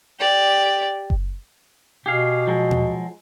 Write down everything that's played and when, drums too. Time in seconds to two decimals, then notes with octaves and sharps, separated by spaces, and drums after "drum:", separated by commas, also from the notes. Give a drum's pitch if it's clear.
0.19 G4 D5
1.10 drum: kick F#1
2.06 B2 G4 G#4 F5
2.47 F3 F#3 G#3
2.71 drum: tom